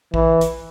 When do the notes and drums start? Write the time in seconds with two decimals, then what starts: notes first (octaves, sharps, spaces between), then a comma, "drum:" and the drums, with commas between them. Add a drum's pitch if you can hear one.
0.14 E3, drum: kick
0.41 drum: hi-hat